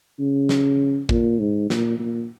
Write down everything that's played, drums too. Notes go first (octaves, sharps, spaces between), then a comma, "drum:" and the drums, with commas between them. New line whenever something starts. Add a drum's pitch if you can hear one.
C#3
drum: snare
A#2, drum: kick
G#2
A#2, drum: snare
A#2